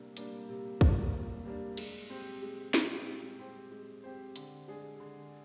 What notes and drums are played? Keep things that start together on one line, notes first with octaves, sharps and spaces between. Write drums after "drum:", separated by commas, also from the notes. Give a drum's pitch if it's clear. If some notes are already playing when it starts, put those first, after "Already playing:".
Already playing: C3 G3 A#3 D4
G3 A#3 D4, drum: hi-hat
C3
G3 A#3 D4, drum: kick
C3
G3 A#3 D4
G#3, drum: cymbal
C4 G4 C5
G#3
C4 G4 C5, drum: snare
G#3
C4 G4 C5
G#3
C4 G4 C5
D3, drum: hi-hat
G#3 D4 G#4
D3